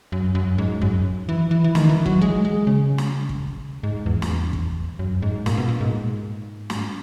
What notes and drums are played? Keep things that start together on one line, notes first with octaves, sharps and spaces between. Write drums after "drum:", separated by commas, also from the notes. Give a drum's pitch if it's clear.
F#2
F#2
G#2
F#2, drum: kick
E3
E3
E3
D#3, drum: snare
E3
F#3, drum: kick
G#3
G#3
C#3
drum: snare
drum: kick
G#2
E2
drum: snare
drum: kick
F#2
G#2
A#2, drum: snare
B2
A#2
G#2
drum: snare